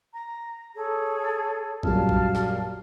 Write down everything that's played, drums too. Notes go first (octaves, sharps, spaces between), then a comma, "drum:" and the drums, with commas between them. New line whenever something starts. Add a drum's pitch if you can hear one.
A#5
G#4 A4 C#5
F#2 A#2 G3 F5 A5 F6, drum: kick
drum: kick
drum: snare